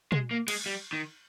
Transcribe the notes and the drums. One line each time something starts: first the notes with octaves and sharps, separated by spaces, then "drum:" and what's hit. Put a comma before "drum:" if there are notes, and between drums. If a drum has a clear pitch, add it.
G#3, drum: tom
A#3
G#3, drum: cymbal
G3
D#3